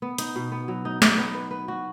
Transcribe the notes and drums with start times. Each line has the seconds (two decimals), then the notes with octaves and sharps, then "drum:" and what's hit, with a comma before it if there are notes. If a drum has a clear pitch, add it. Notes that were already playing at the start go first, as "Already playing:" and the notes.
0.02 B3
0.18 D#4, drum: hi-hat
0.36 B2
0.52 B3
0.68 F#3
0.85 D#4
1.02 D#4, drum: snare
1.18 B3
1.34 B4
1.51 B4
1.68 F#4